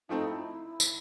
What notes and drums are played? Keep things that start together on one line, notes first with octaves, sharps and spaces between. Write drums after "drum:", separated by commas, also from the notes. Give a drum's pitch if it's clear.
F3 A3 C4 D#4
E4
drum: tambourine